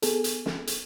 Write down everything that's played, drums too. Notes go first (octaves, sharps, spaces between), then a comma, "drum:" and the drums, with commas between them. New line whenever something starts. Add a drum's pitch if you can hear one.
B3 G#4 A4, drum: hi-hat
drum: hi-hat
drum: snare
drum: hi-hat